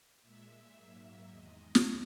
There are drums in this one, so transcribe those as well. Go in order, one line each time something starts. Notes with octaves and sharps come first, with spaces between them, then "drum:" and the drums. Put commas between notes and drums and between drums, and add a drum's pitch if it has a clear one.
A#2 G#3 E5
G#2 F#3 A#3
E2 D#3 G#3 D#5
drum: snare